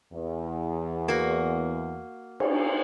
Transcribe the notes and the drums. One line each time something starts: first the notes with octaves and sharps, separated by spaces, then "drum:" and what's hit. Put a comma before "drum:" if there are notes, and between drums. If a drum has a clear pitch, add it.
E2
A#3 F#4
drum: cymbal